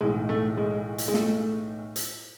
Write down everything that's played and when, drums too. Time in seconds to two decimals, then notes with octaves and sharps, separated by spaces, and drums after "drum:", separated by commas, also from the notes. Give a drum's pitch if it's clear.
0.01 B1 A2 E3 G#3
0.29 A3
0.57 G#3
0.98 drum: hi-hat
1.08 G#3
1.14 A3, drum: snare
1.96 drum: hi-hat